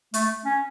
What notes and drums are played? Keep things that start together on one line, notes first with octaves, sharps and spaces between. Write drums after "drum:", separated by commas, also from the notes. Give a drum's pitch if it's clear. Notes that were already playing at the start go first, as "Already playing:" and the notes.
A3, drum: hi-hat
C#4